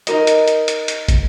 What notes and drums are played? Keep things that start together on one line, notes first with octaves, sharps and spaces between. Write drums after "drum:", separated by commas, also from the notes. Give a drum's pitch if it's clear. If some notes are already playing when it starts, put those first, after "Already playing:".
D#4 A#4 D#5, drum: hi-hat
drum: hi-hat
drum: hi-hat
drum: hi-hat
drum: hi-hat
drum: kick, hi-hat